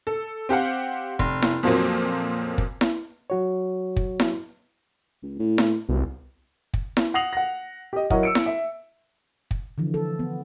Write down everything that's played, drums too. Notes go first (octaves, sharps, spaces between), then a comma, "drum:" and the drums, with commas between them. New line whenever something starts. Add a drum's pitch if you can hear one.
A4
C4 G4 F5 F#5
F1, drum: kick
drum: snare E4
F2 A#2 F3 F#3 A#3 C4
drum: kick
drum: snare E4
F#3 F#4 C#5
drum: kick
drum: snare E4
C#2
A2
drum: snare E4
C2 B2
drum: kick
drum: snare E4
F#5 D#6 A#6 C7 F7 F#7
F#5 A#6
G4 D#5
F#3 E4 A#4 C#5 D#5 F#5, drum: kick
E6 C#7 D7
drum: snare E4
E5
drum: kick
D3 E3 F3
A4
B3